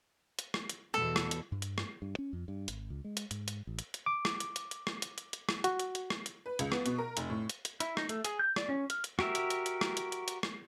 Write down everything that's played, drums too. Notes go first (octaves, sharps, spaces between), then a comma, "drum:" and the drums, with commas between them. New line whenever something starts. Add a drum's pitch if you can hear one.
drum: hi-hat
drum: rim click
drum: hi-hat
E2 B2 A4
drum: rim click
drum: hi-hat
G2
drum: hi-hat
drum: rim click
G2
C#4
F2
G2
G#1, drum: hi-hat
C#2
G#3
drum: hi-hat
G#2, drum: hi-hat
drum: hi-hat
A1
drum: hi-hat
drum: hi-hat
D6
drum: rim click
drum: hi-hat
drum: hi-hat
drum: hi-hat
drum: rim click
drum: hi-hat
drum: hi-hat
drum: hi-hat
drum: rim click
F#4, drum: hi-hat
drum: hi-hat
drum: hi-hat
drum: rim click
drum: hi-hat
B4
C#2, drum: hi-hat
B3, drum: rim click
B2, drum: hi-hat
A#4
F1, drum: hi-hat
A2
drum: hi-hat
drum: hi-hat
E4, drum: hi-hat
D#4, drum: rim click
A3, drum: hi-hat
G#4, drum: hi-hat
G6
D5, drum: rim click
C#4
F6, drum: hi-hat
drum: hi-hat
F#4 G4 A#4 E5, drum: rim click
drum: hi-hat
drum: hi-hat
drum: hi-hat
drum: rim click
drum: hi-hat
drum: hi-hat
drum: hi-hat
drum: rim click